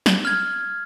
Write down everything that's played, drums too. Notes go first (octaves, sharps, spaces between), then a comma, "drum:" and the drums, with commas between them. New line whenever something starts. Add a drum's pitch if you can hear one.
drum: snare
F6 G#6